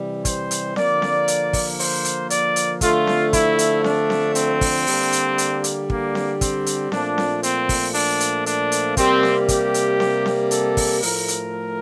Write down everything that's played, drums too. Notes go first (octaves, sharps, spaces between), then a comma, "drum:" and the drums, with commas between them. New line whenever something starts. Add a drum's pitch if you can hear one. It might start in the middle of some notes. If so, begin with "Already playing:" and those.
Already playing: C3 E3 G3
C5, drum: kick, hi-hat
drum: hi-hat
D3 F3 A#3 D5, drum: snare C4
drum: snare C4
drum: hi-hat
drum: kick, open hi-hat
C5, drum: open hi-hat
drum: hi-hat
D5, drum: hi-hat
drum: hi-hat
D3 F3 A3 F4, drum: kick, hi-hat
drum: snare C4
E4, drum: kick, hi-hat
drum: hi-hat
D4, drum: snare C4
drum: snare C4
C4, drum: hi-hat
drum: kick, open hi-hat
D3 G3 A#3, drum: open hi-hat
drum: hi-hat
drum: hi-hat
drum: hi-hat
A#3, drum: kick
drum: snare C4
C4, drum: kick, hi-hat
drum: hi-hat
A#2 F3 A3 D4, drum: snare C4
drum: snare C4
C4, drum: hi-hat
drum: kick, open hi-hat
D4, drum: open hi-hat
drum: hi-hat
D4, drum: hi-hat
drum: hi-hat
C3 G3 A#3 C4, drum: kick, hi-hat
drum: snare C4
G4, drum: kick, hi-hat
drum: hi-hat
drum: snare C4
drum: snare C4
A4, drum: hi-hat
drum: kick, open hi-hat
A2 F3 A3 A#4, drum: open hi-hat
drum: hi-hat